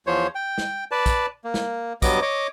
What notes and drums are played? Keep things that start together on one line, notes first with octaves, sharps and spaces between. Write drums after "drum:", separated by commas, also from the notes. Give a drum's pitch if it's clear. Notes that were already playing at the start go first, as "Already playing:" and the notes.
E2 F3 C5 C#5
G5
drum: snare
B4 D5 A5
drum: kick, tambourine
A#3
drum: snare
G2 F#3 B3 D#5 D6, drum: kick, tambourine
C#5 D#5 D6